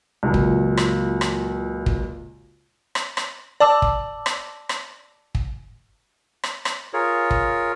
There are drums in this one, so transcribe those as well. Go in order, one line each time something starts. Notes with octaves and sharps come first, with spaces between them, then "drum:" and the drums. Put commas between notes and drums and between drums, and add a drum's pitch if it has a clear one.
C#2 A#2 F#3
drum: kick
drum: rim click
drum: rim click
drum: kick
drum: rim click
drum: rim click
D5 A5 D6 E6
drum: kick
drum: rim click
drum: rim click
drum: kick
drum: rim click
drum: rim click
F4 G#4 A#4 C#5
drum: kick